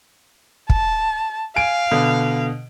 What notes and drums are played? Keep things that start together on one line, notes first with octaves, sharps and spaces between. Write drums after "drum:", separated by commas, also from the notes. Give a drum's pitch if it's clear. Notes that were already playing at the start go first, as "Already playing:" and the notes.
A5, drum: kick
F5 G#5 D7
B2 D3